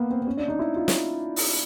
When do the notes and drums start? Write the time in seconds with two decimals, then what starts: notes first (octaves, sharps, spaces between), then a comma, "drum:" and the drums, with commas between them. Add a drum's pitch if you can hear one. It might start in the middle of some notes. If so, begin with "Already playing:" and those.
Already playing: A#3 B3
0.10 C4
0.21 C4
0.27 C#4
0.37 D4
0.48 D#4
0.59 E4
0.76 F4
0.88 drum: snare
1.36 drum: open hi-hat